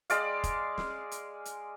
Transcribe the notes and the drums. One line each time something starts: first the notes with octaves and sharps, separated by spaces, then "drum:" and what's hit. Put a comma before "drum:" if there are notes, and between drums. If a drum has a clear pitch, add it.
G#3 D5 F5, drum: hi-hat
drum: kick F1, hi-hat
drum: snare
drum: hi-hat
drum: hi-hat